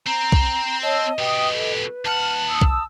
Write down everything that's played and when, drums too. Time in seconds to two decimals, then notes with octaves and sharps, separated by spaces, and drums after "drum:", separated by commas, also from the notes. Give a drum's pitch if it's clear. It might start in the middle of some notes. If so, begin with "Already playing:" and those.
0.07 C4 A#5
0.32 drum: kick
0.83 C#5 D#5 A5 E6
1.18 B2 G4 B4 G5 D#6
1.53 A4
2.05 D#2 F#5 A5 F6
2.48 D#6 E6
2.62 drum: kick